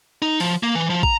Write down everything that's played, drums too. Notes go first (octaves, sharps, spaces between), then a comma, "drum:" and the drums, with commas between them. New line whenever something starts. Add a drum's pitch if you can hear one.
D#4
F3, drum: open hi-hat
A#3
E3
F3
A#5, drum: kick